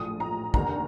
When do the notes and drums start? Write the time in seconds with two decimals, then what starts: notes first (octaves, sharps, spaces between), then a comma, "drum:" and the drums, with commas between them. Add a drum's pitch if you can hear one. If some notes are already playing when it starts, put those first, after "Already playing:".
Already playing: A#1 A2 F3 D#6
0.20 A#5
0.54 F1 D#2 D3 A#5, drum: kick